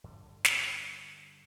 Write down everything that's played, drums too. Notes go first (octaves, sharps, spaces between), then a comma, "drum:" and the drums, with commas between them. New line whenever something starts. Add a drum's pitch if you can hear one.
G2 D3 G3 D4
drum: snare